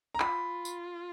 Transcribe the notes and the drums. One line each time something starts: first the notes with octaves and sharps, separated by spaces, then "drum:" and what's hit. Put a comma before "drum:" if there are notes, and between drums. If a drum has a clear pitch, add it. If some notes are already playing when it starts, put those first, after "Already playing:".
A#5
F4 B5, drum: clap
drum: tambourine